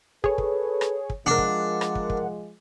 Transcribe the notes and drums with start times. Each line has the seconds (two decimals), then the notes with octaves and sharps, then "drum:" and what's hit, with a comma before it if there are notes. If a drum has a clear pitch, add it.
0.24 G#4 A4 B4 C#5, drum: kick
0.38 drum: kick
0.81 drum: rim click
1.10 drum: kick
1.26 F3 G#3 D4 A#4 F#5
1.38 drum: kick
1.81 drum: rim click
1.95 drum: kick
2.10 drum: kick